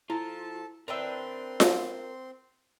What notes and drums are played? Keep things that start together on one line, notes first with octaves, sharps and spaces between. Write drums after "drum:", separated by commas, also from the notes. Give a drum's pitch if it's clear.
F3 E4 F4 A4 A5
C4 D4 A#4 B4 E5 G5 C6
drum: snare F4